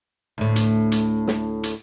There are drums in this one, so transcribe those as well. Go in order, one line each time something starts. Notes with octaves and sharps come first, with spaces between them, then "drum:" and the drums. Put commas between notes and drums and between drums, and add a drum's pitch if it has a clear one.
D2 A2
drum: hi-hat
drum: hi-hat
drum: snare
drum: hi-hat